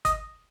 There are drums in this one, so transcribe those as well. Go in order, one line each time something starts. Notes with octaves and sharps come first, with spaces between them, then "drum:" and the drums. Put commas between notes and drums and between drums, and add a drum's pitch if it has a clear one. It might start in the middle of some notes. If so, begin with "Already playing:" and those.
D#5, drum: kick G1, hi-hat